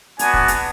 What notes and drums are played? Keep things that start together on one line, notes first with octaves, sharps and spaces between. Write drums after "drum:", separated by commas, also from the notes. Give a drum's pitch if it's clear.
B3 D4 F#4 G#5, drum: hi-hat
drum: kick
drum: hi-hat